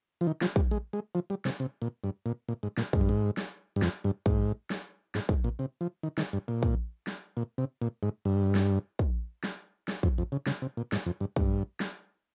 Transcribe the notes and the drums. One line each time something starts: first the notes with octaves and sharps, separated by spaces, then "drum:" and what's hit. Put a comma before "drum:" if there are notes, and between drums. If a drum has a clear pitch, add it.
F3
D#3
F3, drum: snare
G3, drum: kick
G#3
G#3
F3
G3
C3, drum: snare
C3
A#2
G2
A#2
A#2
G#2
A#2, drum: snare
G#2, drum: kick
G2
G#2
drum: snare
G2
F2, drum: snare
G2
G#2, drum: kick
drum: snare
G#2, drum: snare
G#2, drum: kick
A#2
C3
F3
D#3
D#3, drum: snare
G2
A#2
drum: kick
drum: snare
A#2
C3
A#2
G#2
G2
drum: snare
drum: kick
drum: snare
drum: snare
F2, drum: kick
F2
C#3
C#3, drum: snare
C3
A#2
G#2, drum: snare
F2
G2
G2, drum: kick
drum: snare